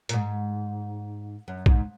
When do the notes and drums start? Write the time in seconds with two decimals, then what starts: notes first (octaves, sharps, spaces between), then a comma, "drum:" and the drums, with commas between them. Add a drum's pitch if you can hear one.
0.09 A#2, drum: hi-hat
0.13 G#2
1.48 F#2
1.66 G#2, drum: kick